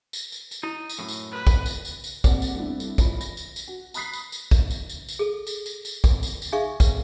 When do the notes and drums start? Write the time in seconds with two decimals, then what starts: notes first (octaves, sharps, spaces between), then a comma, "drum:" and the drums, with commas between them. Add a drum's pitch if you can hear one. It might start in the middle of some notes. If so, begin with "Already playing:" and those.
0.13 drum: tambourine
0.32 drum: tambourine
0.51 drum: tambourine
0.63 D#4 E4
0.89 drum: tambourine
0.99 F#2 A2
1.08 drum: tambourine
1.32 B4
1.47 drum: kick, tambourine
1.66 drum: tambourine
1.85 drum: tambourine
2.04 drum: tambourine
2.24 C3 A#3 C4 D5 F#5, drum: kick, tambourine
2.42 drum: tambourine
2.54 G2 A3 B3 C4 D4 E4
2.80 drum: tambourine
2.98 E3 F4 B5, drum: kick, tambourine
3.21 A#6, drum: tambourine
3.37 drum: tambourine
3.56 drum: tambourine
3.68 F#4
3.94 A#5 B5 D#6 F#6 B6 C7, drum: tambourine
4.13 drum: tambourine
4.32 drum: tambourine
4.51 drum: kick, tambourine
4.70 drum: tambourine
4.90 drum: tambourine
5.09 drum: tambourine
5.19 G#4 A4
5.47 drum: tambourine
5.66 drum: tambourine
5.85 drum: tambourine
6.04 drum: kick, tambourine
6.23 drum: tambourine
6.42 drum: tambourine
6.52 D#4 G#4 E5 F5 C#6
6.80 drum: kick, tambourine